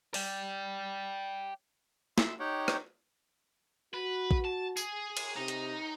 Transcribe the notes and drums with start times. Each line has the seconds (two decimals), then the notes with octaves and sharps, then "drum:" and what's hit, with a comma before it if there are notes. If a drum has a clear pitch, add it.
0.14 D5 G5, drum: open hi-hat
2.18 E5 C6 E6, drum: snare
2.40 D#4 G4 C#5 F#5 G5
2.68 drum: rim click
3.94 F#4 B4
4.31 drum: kick
4.45 A5
4.77 G#4, drum: tambourine
5.17 drum: cymbal
5.36 C3 D#4
5.48 drum: hi-hat